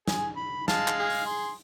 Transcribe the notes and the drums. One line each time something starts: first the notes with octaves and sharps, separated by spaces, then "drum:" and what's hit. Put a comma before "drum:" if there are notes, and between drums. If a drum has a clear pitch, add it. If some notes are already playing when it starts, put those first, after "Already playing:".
G#4 G#5, drum: snare
B5
G#3 F5 A5, drum: snare
drum: clap
G#4
drum: open hi-hat
C6